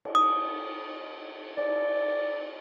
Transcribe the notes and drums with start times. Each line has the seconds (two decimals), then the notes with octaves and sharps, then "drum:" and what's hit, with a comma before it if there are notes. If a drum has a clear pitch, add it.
0.05 drum: cymbal
0.15 D#6
1.57 D5, drum: cymbal